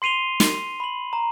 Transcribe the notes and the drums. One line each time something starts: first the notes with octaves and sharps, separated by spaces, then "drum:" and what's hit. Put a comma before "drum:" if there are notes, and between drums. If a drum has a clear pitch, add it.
C6 C7 D#7 F7 G7
drum: snare
B5 F#7
A#5